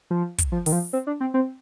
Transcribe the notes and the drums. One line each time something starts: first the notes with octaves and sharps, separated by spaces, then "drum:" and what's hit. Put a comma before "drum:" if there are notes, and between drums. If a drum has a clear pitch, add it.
F3
drum: kick, hi-hat
F3
D#3, drum: open hi-hat
F3
C4
D4
C4
C4